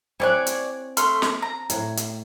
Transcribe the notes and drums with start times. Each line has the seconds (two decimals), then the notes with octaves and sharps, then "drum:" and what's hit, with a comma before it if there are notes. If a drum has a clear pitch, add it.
0.20 C4 E4 G#4 C#5 D5 F#6
0.47 drum: hi-hat
0.97 A3 C6 F6, drum: hi-hat
1.22 drum: snare
1.42 A#5
1.70 A2 C#5, drum: hi-hat
1.97 drum: hi-hat